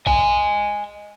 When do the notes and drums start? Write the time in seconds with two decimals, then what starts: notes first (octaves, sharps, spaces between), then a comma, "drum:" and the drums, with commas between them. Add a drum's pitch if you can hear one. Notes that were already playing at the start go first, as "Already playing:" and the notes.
0.06 D#5 G#5, drum: kick